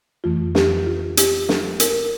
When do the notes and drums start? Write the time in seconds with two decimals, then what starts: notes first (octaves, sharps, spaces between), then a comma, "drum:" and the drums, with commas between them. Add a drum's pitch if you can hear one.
0.24 F2 E3 A3 F4
0.55 G4, drum: snare
0.87 F4
1.17 G4, drum: hi-hat
1.49 A4, drum: snare
1.80 A#4, drum: hi-hat